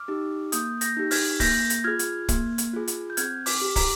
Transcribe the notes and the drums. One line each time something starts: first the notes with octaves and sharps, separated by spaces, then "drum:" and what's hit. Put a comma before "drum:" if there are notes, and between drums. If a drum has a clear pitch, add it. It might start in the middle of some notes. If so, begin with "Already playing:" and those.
Already playing: D6 F6
D#4 G4
A#3 D#6 G6, drum: hi-hat
G6 A#6, drum: hi-hat
D#4 G4
F6 G#6, drum: open hi-hat
A#3 G6 A#6, drum: kick, open hi-hat
drum: hi-hat
F4 G#4 F6 G#6
drum: hi-hat
A#3, drum: kick, hi-hat
drum: hi-hat
F4 G#4
drum: hi-hat
G6
C4 F6 G#6, drum: hi-hat
D6 F6, drum: open hi-hat
G4
A#5 D6, drum: kick, open hi-hat